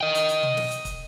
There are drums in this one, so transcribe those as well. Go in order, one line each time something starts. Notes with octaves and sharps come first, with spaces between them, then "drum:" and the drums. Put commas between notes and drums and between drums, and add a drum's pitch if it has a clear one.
D#5 G5
drum: hi-hat
drum: hi-hat
drum: tom
drum: snare
drum: hi-hat
drum: kick, hi-hat